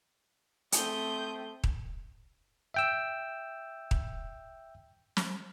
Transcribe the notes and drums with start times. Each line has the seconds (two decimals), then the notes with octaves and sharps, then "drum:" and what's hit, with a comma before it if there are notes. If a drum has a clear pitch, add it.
0.72 A3 C4 D#6 G6, drum: hi-hat
1.64 drum: kick D#1
2.74 E5 G5 E6
3.91 drum: kick D#1
5.17 drum: snare